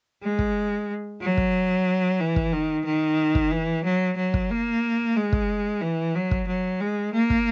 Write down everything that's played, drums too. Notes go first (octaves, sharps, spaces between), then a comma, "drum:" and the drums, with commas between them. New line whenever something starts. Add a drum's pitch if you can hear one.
G#3
drum: kick
F#3
drum: kick
E3
drum: kick
D#3
D#3
drum: kick
E3
F#3
F#3
drum: kick
A#3
G#3
drum: kick
E3
F#3
drum: kick
F#3
G#3
A#3
drum: kick